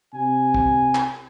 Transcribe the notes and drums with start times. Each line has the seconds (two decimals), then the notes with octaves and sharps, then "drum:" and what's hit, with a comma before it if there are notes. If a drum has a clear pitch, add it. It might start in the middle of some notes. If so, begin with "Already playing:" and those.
0.14 C3 G#5
0.54 drum: kick
0.95 drum: clap